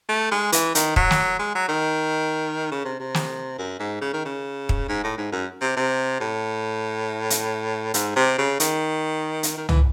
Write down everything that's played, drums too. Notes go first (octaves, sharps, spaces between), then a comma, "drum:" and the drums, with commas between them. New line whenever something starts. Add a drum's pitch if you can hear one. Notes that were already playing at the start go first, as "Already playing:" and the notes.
A3
G#3
E3, drum: hi-hat
D#3, drum: hi-hat
F#3, drum: kick
drum: snare
G#3
F#3
D#3
C#3
C3
C3
drum: snare
F#2
G#2
C#3
D#3
C#3
drum: kick
G#2
A2
G#2
F#2
C3
C3
A2
drum: hi-hat
G#2, drum: hi-hat
C3
C#3
D#3, drum: hi-hat
drum: hi-hat
D#3
E3, drum: tom